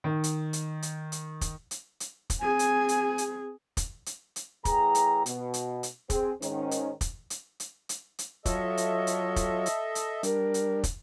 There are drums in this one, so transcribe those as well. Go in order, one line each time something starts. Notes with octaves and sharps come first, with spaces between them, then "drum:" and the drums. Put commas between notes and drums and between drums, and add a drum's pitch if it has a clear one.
D#3
drum: hi-hat
drum: hi-hat
drum: hi-hat
drum: hi-hat
drum: kick, hi-hat
drum: hi-hat
drum: hi-hat
drum: kick, hi-hat
C4 G#4 G#5
drum: hi-hat
drum: hi-hat
drum: hi-hat
drum: kick, hi-hat
drum: hi-hat
drum: hi-hat
A2 E3 G#4 G5 A#5, drum: kick, hi-hat
drum: hi-hat
B2, drum: hi-hat
drum: hi-hat
drum: hi-hat
C4 G#4, drum: kick, hi-hat
G#2 D#3 C#4, drum: hi-hat
drum: hi-hat
drum: kick, hi-hat
drum: hi-hat
drum: hi-hat
drum: hi-hat
drum: hi-hat
F#3 F4 A4 C#5 D#5 E5, drum: kick, hi-hat
drum: hi-hat
drum: hi-hat
drum: kick, hi-hat
drum: hi-hat
drum: hi-hat
G3 D4 A#4, drum: hi-hat
drum: hi-hat
drum: kick, hi-hat